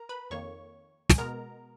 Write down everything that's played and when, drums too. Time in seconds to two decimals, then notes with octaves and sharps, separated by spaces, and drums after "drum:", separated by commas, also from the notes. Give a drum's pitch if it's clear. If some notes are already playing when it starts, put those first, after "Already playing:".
Already playing: A#4 A#5
0.09 B4 B5
0.31 F2 D#3 A#3 C#5 C#6
1.10 G#5, drum: snare
1.18 B2 G#3 B3 A#4 A#5